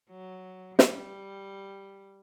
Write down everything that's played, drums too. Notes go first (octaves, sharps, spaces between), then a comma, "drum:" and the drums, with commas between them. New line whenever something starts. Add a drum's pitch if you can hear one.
F#3
G3, drum: snare